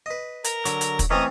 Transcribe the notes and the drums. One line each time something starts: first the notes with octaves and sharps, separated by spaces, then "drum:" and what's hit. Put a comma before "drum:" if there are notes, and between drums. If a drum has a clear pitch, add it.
B4 D#5
A#4 A#5, drum: hi-hat
D3 F#3, drum: hi-hat
drum: hi-hat
drum: kick, hi-hat
E3 A3 C4 C#4 D#5 A#5 D#6